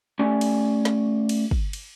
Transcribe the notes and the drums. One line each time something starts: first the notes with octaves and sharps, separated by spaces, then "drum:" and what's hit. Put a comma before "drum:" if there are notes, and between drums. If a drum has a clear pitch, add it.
A3 C#4 G4 D5 G#5
drum: cymbal
drum: snare
drum: cymbal
drum: kick
drum: cymbal